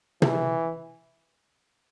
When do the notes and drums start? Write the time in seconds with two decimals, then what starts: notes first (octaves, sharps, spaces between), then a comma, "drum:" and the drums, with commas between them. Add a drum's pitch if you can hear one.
0.22 E3, drum: tom